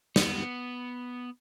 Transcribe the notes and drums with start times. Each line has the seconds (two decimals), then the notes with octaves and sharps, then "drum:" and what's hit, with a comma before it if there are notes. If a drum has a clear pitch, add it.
0.16 B3, drum: snare